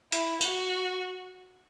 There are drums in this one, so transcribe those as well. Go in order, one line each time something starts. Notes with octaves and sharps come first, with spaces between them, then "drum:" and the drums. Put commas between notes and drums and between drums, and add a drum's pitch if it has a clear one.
E4, drum: hi-hat
F#4, drum: tambourine